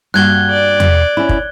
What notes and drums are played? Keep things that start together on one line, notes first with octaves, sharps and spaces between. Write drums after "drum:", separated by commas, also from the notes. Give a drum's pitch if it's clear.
G2 A#3 F#4 F#6 G#6 G7
D5
drum: tom E2
C#4 E4
drum: kick